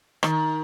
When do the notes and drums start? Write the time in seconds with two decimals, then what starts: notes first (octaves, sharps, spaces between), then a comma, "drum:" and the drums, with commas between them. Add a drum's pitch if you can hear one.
0.23 D#3, drum: rim click